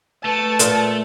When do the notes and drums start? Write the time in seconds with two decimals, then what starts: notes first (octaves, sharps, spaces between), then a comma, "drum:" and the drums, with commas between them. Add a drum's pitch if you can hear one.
0.25 A3 B4 A5
0.59 A#2, drum: hi-hat